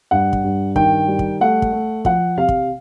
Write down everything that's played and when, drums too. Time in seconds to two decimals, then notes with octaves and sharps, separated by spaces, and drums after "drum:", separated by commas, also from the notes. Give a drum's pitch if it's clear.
0.11 G2 F#5
0.33 drum: kick
0.44 G2
0.76 D#3 G5, drum: kick
1.08 G3
1.19 drum: kick
1.41 A3 F#5
1.62 drum: kick
1.72 A3
2.05 F3 F#5, drum: kick
2.37 C3 F5
2.49 drum: kick